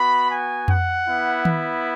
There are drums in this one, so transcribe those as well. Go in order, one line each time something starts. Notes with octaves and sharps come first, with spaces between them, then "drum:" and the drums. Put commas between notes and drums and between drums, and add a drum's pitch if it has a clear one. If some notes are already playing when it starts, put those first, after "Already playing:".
Already playing: B3 F#4 B5
G#5
F#5, drum: tom F2
B3 E4
drum: tom D#3